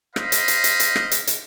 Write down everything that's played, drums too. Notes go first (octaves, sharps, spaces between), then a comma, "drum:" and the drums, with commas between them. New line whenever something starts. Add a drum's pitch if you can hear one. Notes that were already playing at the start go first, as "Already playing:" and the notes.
C5 D#5 F5 B5, drum: rim click
drum: hi-hat
drum: hi-hat
drum: hi-hat
drum: hi-hat
drum: rim click
drum: hi-hat
drum: hi-hat